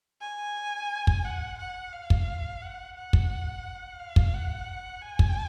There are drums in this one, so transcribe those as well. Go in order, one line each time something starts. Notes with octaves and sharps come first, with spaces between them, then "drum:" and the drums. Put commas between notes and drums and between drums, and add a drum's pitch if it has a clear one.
G#5
drum: kick
F#5
F#5
F5
drum: kick
F#5
F#5
drum: kick
F5
drum: kick
F#5
G#5
drum: kick